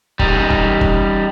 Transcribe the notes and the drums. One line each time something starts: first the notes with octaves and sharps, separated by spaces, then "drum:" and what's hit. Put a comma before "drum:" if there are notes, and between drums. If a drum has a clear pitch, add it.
G3 D#4, drum: kick
drum: kick
drum: kick